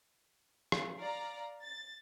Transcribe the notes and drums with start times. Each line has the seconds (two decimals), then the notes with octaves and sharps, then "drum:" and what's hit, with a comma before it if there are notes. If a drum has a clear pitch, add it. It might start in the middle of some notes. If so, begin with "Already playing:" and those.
0.72 drum: rim click
0.99 D5 F5 A#5
1.62 A6